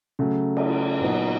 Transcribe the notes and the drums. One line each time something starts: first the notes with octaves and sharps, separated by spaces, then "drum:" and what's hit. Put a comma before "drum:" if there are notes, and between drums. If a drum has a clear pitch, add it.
C#3 F#3 A3
drum: cymbal
A#2 F#3 B3 D#4